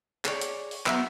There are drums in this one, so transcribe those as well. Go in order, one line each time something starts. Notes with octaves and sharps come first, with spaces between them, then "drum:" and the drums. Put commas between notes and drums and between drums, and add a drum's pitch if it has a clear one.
G#4 C#5 D5, drum: clap
drum: hi-hat
drum: open hi-hat
F#3 B3 E4 A#5, drum: clap